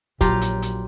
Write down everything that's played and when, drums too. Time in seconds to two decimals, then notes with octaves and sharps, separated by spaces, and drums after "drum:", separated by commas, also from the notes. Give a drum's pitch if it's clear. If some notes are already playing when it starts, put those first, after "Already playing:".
0.21 A#1 F#3 F4 G4 A#5, drum: kick, hi-hat
0.42 drum: hi-hat
0.62 drum: hi-hat